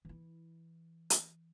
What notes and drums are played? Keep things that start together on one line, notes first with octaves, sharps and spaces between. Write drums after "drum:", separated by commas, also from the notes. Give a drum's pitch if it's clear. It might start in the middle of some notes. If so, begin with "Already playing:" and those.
E3 E4
drum: hi-hat